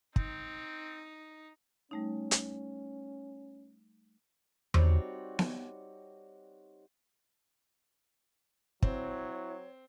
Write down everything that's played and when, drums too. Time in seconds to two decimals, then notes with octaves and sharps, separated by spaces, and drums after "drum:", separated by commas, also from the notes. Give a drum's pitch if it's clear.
0.16 C4 D#4, drum: kick
1.91 G3 A3 C#4 D#4
2.31 drum: hi-hat
4.74 G3 C4 D#4 F#4 C#5 D5, drum: tom E2
5.39 drum: snare B3
8.82 F#3 C4 E4 C#5, drum: kick